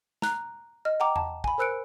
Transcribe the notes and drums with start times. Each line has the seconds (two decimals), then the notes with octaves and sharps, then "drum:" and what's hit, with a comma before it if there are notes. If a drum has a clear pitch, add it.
0.22 A#5 F#6, drum: snare
0.85 D#5 F6
1.00 F#5 G5 A#5 D6
1.16 A5, drum: tom E2
1.44 G#5 B5, drum: kick
1.58 A#4 C5 E6 F#6 C#7 D7